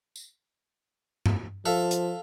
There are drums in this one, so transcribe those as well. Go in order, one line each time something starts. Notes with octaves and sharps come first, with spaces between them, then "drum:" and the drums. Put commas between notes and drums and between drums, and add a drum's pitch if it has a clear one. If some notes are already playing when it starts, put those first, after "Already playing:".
drum: tambourine
drum: tom G2
F3 A4 E5 F5
drum: hi-hat